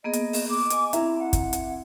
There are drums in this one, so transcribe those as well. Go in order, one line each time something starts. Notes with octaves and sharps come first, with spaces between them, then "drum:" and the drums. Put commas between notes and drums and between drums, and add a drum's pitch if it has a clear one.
A#3 B3 G#4 D#5
drum: hi-hat
drum: open hi-hat
D6
D#5 G#5, drum: hi-hat
C4 E4 E5 A#5, drum: hi-hat
F#5
drum: kick, hi-hat
drum: hi-hat